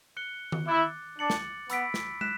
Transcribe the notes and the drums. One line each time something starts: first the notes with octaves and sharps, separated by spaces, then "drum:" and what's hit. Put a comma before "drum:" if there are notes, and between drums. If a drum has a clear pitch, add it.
F#6 C#7 G7
drum: tom D#3
E4 D6 F#6 A6
D4 D6 A6 C#7 F#7
drum: snare
B3 B5 E6 B6 D7, drum: hi-hat
drum: snare
F#6 B6 E7, drum: tom